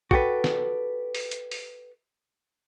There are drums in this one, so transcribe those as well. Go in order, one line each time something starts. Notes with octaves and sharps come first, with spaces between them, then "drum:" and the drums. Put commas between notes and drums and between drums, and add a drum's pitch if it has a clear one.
F#4 G4 A4 B4, drum: kick
drum: snare
drum: open hi-hat
drum: hi-hat
drum: open hi-hat